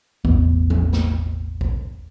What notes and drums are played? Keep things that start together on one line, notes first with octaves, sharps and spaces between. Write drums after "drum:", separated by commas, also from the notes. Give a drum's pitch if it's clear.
E1 A1 E2 B3, drum: kick
drum: tom E3
drum: snare
drum: kick